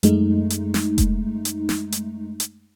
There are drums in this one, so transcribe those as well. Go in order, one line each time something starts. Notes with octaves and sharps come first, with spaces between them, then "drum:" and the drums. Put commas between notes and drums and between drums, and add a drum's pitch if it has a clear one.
F#2 G#3 A3 D#4, drum: hi-hat
drum: hi-hat
drum: snare
drum: kick F1, hi-hat
drum: hi-hat
drum: snare
drum: hi-hat
drum: hi-hat